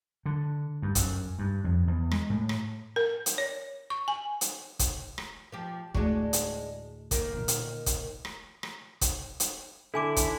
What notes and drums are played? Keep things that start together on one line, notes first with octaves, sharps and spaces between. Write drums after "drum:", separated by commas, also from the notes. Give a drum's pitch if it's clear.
D3
G2
F#2, drum: kick, hi-hat
G2
F2
E2
G#3, drum: rim click
A2
drum: rim click
A#4
drum: hi-hat
C#5
C#6
G#5
drum: hi-hat
drum: kick, hi-hat
drum: rim click
F3 G4
D2 A2 G#3 D4 F#4, drum: kick
drum: hi-hat
D#3 A#3, drum: kick, hi-hat
A#2 D3
drum: hi-hat
drum: kick, hi-hat
drum: rim click
drum: rim click
drum: kick, hi-hat
drum: hi-hat
D3 E4 A4 G#5 D6
drum: kick, hi-hat